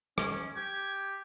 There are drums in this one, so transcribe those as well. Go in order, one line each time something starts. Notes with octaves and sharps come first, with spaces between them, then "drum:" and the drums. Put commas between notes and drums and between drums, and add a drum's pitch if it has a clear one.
C#4, drum: rim click
G4 G#6